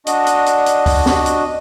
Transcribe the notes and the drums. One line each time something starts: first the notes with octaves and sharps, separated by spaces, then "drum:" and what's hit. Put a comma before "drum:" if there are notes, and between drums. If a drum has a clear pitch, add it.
D4 F#4 D#5, drum: hi-hat
drum: hi-hat
drum: hi-hat
drum: hi-hat
drum: kick C#2, open hi-hat
drum: snare
drum: hi-hat